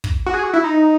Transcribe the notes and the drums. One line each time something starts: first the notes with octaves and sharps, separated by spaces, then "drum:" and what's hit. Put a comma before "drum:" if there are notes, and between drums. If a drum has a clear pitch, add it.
drum: kick
F#4
G#4
F#4
E4
D#4